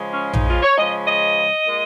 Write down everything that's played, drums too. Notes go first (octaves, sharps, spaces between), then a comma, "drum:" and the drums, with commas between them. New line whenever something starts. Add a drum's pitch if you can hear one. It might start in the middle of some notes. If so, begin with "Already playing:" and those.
Already playing: C#3 F3 G#3
C#4
D#4, drum: tom A#1
F4
C#5
C#3 F3 G#3 D#5
D#5
A#2 G#3